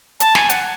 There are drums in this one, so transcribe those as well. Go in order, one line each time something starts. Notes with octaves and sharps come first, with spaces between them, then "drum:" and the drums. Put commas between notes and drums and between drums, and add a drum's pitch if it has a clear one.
A5, drum: hi-hat
G#5, drum: snare
F#5, drum: hi-hat